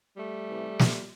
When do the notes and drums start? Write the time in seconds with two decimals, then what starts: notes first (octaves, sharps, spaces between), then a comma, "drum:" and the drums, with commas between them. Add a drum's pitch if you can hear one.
0.17 G3 A3
0.48 C3 E3
0.79 drum: snare